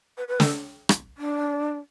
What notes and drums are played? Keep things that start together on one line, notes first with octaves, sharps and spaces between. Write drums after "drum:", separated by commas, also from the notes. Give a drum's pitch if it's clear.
B4
B4
A4, drum: snare
drum: rim click
D4